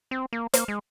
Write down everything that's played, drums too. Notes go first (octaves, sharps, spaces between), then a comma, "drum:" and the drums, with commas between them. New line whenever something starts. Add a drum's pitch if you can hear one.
C4
A#3
A#3, drum: hi-hat
G#3